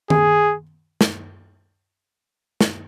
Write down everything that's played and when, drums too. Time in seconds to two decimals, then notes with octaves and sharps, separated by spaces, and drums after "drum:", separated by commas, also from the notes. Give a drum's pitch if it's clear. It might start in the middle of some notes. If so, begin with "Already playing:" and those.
0.10 G#4, drum: tom D#3
1.01 drum: snare
2.61 drum: snare